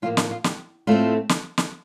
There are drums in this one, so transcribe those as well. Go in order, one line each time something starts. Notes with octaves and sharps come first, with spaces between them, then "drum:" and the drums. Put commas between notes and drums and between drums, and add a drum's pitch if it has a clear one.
A2 F3 A#3 F4
D#4, drum: snare
F4
G4, drum: snare
A2 A3 C4 F4
drum: snare
drum: snare